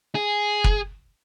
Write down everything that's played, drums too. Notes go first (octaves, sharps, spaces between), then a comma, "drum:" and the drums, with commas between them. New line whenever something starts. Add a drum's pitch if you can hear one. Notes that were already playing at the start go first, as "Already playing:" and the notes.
G#4
drum: kick F#1